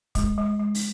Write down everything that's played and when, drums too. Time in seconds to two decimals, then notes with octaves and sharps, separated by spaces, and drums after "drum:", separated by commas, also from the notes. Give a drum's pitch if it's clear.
0.15 G#3, drum: kick, hi-hat
0.38 G#3
0.60 G#3
0.75 drum: open hi-hat